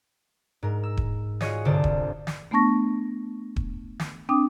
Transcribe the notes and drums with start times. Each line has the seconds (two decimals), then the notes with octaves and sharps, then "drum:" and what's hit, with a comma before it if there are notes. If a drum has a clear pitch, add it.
0.63 G#2 A#4
0.83 E6
0.97 drum: kick D#1
1.41 F4 F#4 G#4 C#5 D#5, drum: snare
1.65 G1 C2 D3 C5 D5 A5
1.84 drum: kick D#1
2.27 drum: snare
2.51 A3 B3 D4 A5 C#6 A#6
3.56 drum: kick D#1
4.00 drum: snare
4.29 C4 D4 G5 D6 D#6